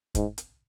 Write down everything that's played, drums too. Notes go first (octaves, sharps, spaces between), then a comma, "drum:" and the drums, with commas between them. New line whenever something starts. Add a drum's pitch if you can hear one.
G#2, drum: kick, hi-hat
drum: hi-hat